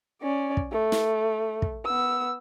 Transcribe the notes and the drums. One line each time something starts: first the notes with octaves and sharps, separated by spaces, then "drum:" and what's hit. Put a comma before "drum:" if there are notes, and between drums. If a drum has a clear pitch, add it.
C#4 D5
drum: kick
A3
drum: snare
drum: kick
B3 E6